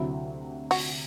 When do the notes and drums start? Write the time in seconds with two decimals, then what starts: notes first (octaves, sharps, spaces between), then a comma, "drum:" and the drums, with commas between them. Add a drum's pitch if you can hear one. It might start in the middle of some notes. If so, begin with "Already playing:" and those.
Already playing: D2 C3 F#3 E4
0.71 F#4, drum: open hi-hat